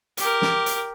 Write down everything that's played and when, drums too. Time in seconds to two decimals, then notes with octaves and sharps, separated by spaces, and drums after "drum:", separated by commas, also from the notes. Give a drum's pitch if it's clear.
0.17 G4 A#4, drum: hi-hat
0.42 drum: snare
0.66 drum: hi-hat